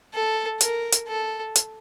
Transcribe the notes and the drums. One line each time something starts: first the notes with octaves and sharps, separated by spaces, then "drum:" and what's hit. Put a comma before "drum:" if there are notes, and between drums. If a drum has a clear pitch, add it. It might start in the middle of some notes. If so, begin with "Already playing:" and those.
A4
A#4, drum: hi-hat
drum: hi-hat
A4
drum: hi-hat